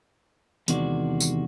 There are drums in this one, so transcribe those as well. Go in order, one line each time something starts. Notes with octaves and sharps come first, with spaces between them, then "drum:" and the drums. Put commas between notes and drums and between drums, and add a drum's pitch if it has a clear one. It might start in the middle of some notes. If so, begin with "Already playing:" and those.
E2 C3 D#3 G#3 F#4 D5, drum: hi-hat
drum: tambourine